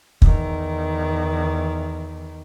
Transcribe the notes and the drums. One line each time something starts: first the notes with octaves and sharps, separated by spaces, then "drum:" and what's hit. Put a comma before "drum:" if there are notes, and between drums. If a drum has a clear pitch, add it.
E2 D#3, drum: kick